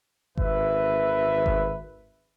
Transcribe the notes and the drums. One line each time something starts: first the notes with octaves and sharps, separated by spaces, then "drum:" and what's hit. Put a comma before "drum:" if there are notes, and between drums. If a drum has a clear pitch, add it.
G#1 B4 E5, drum: kick G1
drum: kick G1